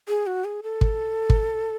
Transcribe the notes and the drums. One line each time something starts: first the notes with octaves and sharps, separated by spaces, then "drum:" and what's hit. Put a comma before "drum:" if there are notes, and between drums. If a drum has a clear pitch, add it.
G#4
F#4
G#4
A4
drum: kick
drum: kick